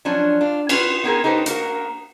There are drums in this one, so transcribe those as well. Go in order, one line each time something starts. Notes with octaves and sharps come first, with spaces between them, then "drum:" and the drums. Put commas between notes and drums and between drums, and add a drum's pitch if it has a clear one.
F3 F#3 C#4 D4
D4 F4
C#4 E4 F4 B4, drum: cymbal
B3 C4 E4 G#4 A#4
D#4 G4 A4 B4 C5
A#3 F#4 A#4, drum: hi-hat